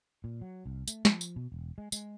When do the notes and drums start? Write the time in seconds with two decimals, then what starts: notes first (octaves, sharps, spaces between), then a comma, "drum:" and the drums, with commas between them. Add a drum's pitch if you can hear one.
0.24 A#2
0.41 F#3
0.66 C2
0.87 A3, drum: tambourine
1.05 F3, drum: snare
1.21 drum: tambourine
1.36 B2
1.52 E1
1.78 G#3
1.92 G#3, drum: tambourine